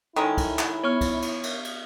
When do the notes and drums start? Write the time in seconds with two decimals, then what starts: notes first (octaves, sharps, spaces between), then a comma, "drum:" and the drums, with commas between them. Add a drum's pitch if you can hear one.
0.16 D#3 G#3 C#4 E4 A4
0.38 drum: kick, cymbal
0.59 drum: clap
0.84 B3 C#5 C#6 F6
1.01 drum: kick, cymbal
1.22 drum: cymbal
1.43 drum: cymbal
1.64 drum: cymbal